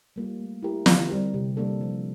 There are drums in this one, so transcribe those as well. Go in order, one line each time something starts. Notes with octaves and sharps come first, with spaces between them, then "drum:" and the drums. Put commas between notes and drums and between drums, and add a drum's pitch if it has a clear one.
G3 A#3 F4
A3
E4 G4 A#4
D3, drum: snare
G3 C4 G4 A#4
C3
G3 A#3 D4 A4
F3